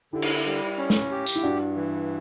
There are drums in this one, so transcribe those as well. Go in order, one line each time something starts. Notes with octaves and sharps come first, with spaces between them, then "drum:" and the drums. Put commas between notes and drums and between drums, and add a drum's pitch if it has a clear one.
D3 E4 G4
drum: cymbal
G3
C#4
drum: snare
G4
drum: tambourine
E4
G2 D4 F#4
E3